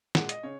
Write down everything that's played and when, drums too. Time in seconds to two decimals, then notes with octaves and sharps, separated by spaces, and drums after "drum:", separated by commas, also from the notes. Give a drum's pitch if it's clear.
0.15 A#2 G#3 F#5, drum: snare
0.29 D#5, drum: hi-hat
0.43 C#3 C#5